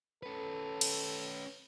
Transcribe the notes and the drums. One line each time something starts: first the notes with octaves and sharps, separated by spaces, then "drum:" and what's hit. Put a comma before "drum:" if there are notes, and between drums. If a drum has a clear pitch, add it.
C#4 A4 B4
drum: cymbal